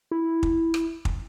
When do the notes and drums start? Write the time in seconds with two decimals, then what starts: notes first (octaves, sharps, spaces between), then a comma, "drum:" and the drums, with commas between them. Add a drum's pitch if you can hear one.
0.11 E4
0.43 drum: kick
0.74 drum: rim click
1.05 drum: kick